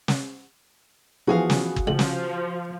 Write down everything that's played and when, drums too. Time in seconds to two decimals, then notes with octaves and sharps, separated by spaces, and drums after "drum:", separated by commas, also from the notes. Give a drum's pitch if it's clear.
0.08 drum: snare
1.27 E3 F3 B3 F#4 G#4 F5
1.50 drum: snare
1.76 drum: kick
1.87 C#2 F3 F#7
1.99 drum: snare